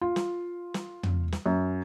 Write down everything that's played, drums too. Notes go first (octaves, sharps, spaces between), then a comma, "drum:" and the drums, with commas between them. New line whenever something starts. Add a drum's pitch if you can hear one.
F4
drum: snare
drum: snare
drum: tom
drum: snare
F#2